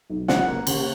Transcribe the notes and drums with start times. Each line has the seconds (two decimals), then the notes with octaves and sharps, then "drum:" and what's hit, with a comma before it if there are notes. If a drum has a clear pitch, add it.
0.10 B1
0.28 C#3 F#5, drum: snare
0.48 A#3
0.67 C#3, drum: cymbal